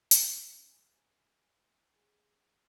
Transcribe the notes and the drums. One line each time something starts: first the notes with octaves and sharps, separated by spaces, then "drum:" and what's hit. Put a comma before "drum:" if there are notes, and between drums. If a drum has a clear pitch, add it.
C#4, drum: hi-hat
G#5
G#4